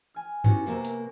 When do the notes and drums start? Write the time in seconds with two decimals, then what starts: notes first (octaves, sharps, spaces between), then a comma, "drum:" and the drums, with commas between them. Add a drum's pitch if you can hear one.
0.14 G#5 F6
0.44 B3 C#4 D#4 E4 F#4 G4, drum: tom G2
0.66 C3 A#3 F#4 A#4 E5
0.85 drum: hi-hat